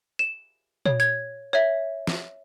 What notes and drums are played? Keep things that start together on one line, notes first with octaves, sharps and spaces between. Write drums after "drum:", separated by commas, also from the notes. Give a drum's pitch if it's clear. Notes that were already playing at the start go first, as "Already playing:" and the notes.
E7
C#5, drum: tom A#2
G#6, drum: tambourine
C#5 E5
drum: snare